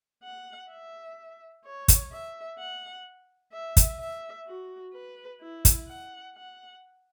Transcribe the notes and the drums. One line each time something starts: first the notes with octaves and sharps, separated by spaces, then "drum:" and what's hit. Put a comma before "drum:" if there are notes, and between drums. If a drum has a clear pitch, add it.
F#5
E5
C#5
drum: kick, hi-hat
E5
F#5
E5
drum: kick, hi-hat
E5
F#4
B4
E4
drum: kick, hi-hat
F#5
F#5